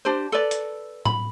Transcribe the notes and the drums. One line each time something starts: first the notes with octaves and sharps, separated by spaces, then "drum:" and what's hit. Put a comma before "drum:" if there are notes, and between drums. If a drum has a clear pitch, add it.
D4 G4 C5
A4 B4 D5
drum: hi-hat
B5, drum: tom A2